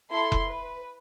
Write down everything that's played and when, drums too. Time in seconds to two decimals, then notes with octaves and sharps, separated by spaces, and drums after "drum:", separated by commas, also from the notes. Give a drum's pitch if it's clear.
0.11 E4 A4 C6
0.32 drum: kick F1
0.47 B4